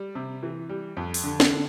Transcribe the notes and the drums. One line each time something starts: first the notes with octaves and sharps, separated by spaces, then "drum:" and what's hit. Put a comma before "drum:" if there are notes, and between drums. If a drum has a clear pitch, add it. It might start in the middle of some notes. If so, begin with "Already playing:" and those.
Already playing: G3
C3
E3
G3
F2
drum: open hi-hat
D3
drum: snare
D3